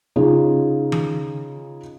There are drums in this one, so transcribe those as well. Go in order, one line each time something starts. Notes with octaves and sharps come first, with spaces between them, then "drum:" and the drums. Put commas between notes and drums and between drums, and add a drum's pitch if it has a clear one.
C#3 D#4 F4 G#4
drum: tom D#3